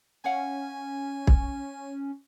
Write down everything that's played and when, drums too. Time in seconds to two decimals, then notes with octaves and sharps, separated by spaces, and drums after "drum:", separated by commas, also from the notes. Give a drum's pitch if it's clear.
0.24 C#4 C#5 F5 F#5 G#5
1.27 drum: kick